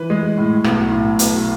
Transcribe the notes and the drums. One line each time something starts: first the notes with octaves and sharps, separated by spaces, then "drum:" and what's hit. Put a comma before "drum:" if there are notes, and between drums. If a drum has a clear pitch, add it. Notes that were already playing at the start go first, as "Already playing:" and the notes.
Already playing: E3 B4
G#3
A2
B1, drum: rim click
A2
B1, drum: hi-hat